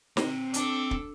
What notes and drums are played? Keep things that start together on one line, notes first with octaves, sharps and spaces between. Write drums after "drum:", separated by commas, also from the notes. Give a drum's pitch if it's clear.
C4 A#5, drum: snare
D4 A4, drum: hi-hat
drum: kick